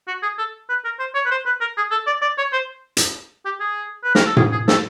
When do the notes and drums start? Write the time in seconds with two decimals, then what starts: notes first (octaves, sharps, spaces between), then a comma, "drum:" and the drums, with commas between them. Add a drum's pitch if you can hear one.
0.08 F#4
0.23 G#4
0.38 A4
0.69 B4
0.85 A#4
0.99 C5
1.15 C#5
1.26 B4
1.31 C5
1.46 B4
1.61 A#4
1.77 G#4
1.91 A4
2.07 D5
2.22 D5
2.38 C#5
2.53 C5
2.97 drum: hi-hat
3.45 G4
3.60 G#4
4.04 B4
4.15 A#4, drum: snare
4.26 A4
4.37 G#4, drum: tom A2
4.52 G#4
4.68 A4, drum: snare